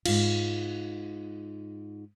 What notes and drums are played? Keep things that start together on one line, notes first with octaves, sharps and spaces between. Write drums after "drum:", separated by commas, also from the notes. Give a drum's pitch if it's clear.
G#2 F4, drum: cymbal